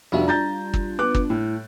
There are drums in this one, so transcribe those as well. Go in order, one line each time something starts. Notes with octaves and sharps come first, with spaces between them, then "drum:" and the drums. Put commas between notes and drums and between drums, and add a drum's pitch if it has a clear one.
F1 G3 D4 F4 F#4 E5
A#5 G6 A6
drum: kick
B3 D6 F#6
drum: kick
A2